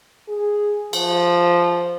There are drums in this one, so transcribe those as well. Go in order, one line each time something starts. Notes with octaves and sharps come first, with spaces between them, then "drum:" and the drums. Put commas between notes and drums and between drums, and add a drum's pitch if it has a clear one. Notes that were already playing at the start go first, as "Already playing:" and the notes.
G#4
F3, drum: cymbal